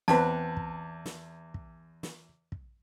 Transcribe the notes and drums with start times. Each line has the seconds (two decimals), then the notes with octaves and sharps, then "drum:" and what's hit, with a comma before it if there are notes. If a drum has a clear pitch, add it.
0.08 E2 B3 C4 B4 A5, drum: snare
0.57 drum: kick
1.06 drum: snare
1.54 drum: kick
2.03 drum: snare
2.52 drum: kick